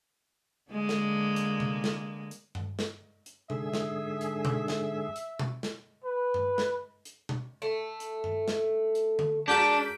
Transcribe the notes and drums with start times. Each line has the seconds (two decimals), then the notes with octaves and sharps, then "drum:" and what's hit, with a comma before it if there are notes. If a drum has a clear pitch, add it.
0.71 D3 G#3 A#3
0.89 drum: snare
1.36 drum: hi-hat
1.60 drum: tom C3
1.84 drum: snare
2.31 drum: hi-hat
2.55 drum: tom G2
2.79 drum: snare
3.26 drum: hi-hat
3.50 G#2 D3 G#4 E5, drum: tom C3
3.73 drum: snare
4.21 drum: hi-hat
4.45 drum: tom B2
4.68 drum: snare
5.16 drum: hi-hat
5.39 drum: tom B2
5.63 drum: snare
6.04 B4
6.34 drum: tom G2
6.58 drum: snare
7.05 drum: hi-hat
7.29 drum: tom B2
7.62 A3
8.00 drum: hi-hat
8.24 drum: tom G2
8.48 drum: snare
8.95 drum: hi-hat
9.19 drum: tom D3
9.48 G#3 D4 F#4 A#4 G6 B6 D7